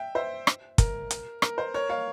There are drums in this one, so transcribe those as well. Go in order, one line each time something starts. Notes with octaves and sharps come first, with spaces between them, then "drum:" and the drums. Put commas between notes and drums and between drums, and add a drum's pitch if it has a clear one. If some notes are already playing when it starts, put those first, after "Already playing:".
Already playing: E5 G5
C5 E5
drum: rim click
A#4, drum: kick, hi-hat
drum: hi-hat
A#4, drum: rim click
C5
A#4 C#5
C#5 F5